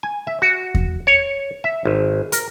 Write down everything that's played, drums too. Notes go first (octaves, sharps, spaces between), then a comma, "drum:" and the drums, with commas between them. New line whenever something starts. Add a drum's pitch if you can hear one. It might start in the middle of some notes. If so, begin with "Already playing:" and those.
G#5
E5
F#4
drum: kick E2
C#5
E5
G#1
A#4, drum: hi-hat